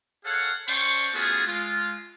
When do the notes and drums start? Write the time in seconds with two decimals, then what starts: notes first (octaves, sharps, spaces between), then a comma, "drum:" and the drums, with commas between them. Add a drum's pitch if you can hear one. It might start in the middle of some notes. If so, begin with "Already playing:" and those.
0.24 G#4 A4 C#5 F5 F#5
0.68 C#4 C5 D5 G5 C6 C#6, drum: cymbal
1.14 A3 B3 C#4 F4 F#4 G#4
1.47 G#3 F4